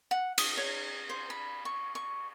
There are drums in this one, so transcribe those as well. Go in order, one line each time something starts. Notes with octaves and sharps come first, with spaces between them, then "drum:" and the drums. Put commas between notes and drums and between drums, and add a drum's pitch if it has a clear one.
F#5
D#6, drum: cymbal
C#5
C5
B5
C#6
C#6